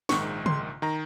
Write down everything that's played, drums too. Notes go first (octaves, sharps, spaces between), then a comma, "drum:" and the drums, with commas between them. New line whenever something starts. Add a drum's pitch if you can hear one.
A#1 G#2 D#3 C#6, drum: snare
C6, drum: tom C#3
D#3 A#5